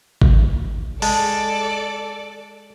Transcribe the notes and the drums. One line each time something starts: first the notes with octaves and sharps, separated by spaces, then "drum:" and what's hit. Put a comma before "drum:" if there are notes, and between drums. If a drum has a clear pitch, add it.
drum: kick G#1
G#3 A4 D5 A5, drum: open hi-hat